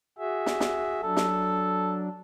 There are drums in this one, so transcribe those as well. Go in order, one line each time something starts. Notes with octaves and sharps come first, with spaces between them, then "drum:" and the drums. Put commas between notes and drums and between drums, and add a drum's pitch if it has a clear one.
F#4 G#4 E5
drum: snare
drum: snare
F#3 D4 A4
drum: snare